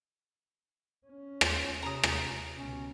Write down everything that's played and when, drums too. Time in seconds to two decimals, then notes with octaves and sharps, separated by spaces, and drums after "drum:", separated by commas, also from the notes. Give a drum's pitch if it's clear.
1.07 C#4
1.41 C5, drum: rim click
1.83 C3 A#5 D#6
2.03 drum: rim click
2.57 C#2 B2 C#4